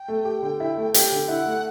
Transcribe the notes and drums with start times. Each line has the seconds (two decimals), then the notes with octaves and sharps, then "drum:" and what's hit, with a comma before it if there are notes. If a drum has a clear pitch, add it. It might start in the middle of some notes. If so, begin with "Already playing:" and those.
Already playing: G5
0.08 A3
0.25 G4
0.42 D3
0.60 E4
0.77 A3
0.94 G4 G5, drum: hi-hat
1.12 D3
1.28 E4 F#5
1.46 A3